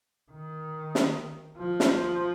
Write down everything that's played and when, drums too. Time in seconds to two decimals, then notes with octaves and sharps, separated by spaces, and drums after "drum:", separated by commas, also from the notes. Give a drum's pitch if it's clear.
0.32 D#3
0.95 drum: snare
1.58 F3
1.80 drum: snare